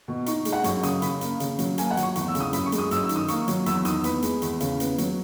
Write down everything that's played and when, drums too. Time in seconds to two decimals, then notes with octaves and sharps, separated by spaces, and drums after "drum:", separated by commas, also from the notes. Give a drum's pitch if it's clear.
0.08 B2
0.26 D#4 C#6, drum: hi-hat
0.45 G#3, drum: hi-hat
0.52 F#5
0.64 F#2 C#6, drum: hi-hat
0.83 C#3 D#6, drum: hi-hat
1.02 C#3 B5, drum: hi-hat
1.21 A#3, drum: hi-hat
1.40 C#3, drum: hi-hat
1.59 F#3, drum: hi-hat
1.78 A#3 G#5, drum: hi-hat
1.90 F#5
1.97 F#3, drum: hi-hat
2.03 C#6
2.16 E2, drum: hi-hat
2.28 E6
2.35 C#3, drum: hi-hat
2.40 D#6
2.53 F#2 B5, drum: hi-hat
2.66 C#6
2.72 G#3, drum: hi-hat
2.78 D#6
2.91 F#2 E6, drum: hi-hat
3.04 E6
3.09 D#3, drum: hi-hat
3.16 D#6
3.28 A#3 C#6, drum: hi-hat
3.48 F#3, drum: hi-hat
3.66 E2 E6, drum: hi-hat
3.85 D#3 D#6, drum: hi-hat
4.04 B3 B5, drum: hi-hat
4.22 G#3, drum: hi-hat
4.42 E2, drum: hi-hat
4.60 C#3, drum: hi-hat
4.80 B3, drum: hi-hat
4.98 F#3, drum: hi-hat